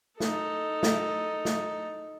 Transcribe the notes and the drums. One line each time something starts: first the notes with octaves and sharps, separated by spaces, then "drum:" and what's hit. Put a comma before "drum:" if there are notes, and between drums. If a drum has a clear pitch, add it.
D#4 A4, drum: snare
drum: snare
drum: snare